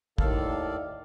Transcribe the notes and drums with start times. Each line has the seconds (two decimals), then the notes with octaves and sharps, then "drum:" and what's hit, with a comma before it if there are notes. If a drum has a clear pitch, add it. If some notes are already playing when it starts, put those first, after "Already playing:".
0.18 D#2 A2 D#3 A4 D5 F5, drum: kick